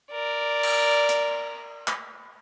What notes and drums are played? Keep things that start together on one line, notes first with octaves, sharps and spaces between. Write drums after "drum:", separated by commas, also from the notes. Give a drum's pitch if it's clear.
A#4 D5
drum: cymbal
drum: hi-hat
drum: clap